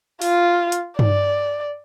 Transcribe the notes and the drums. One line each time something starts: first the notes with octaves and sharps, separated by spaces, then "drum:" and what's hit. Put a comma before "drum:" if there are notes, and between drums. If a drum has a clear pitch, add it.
F4, drum: open hi-hat
drum: hi-hat
D5, drum: tom G2